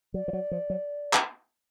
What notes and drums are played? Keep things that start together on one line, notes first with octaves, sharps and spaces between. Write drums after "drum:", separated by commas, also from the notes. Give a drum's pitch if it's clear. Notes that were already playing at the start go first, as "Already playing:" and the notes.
F#3 D5
F3
F#3
F3
F#3
drum: clap